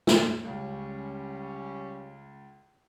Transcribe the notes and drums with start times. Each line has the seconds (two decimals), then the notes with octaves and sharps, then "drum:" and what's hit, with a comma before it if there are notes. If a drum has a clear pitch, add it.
0.07 drum: snare
0.45 C#2 G3 C#4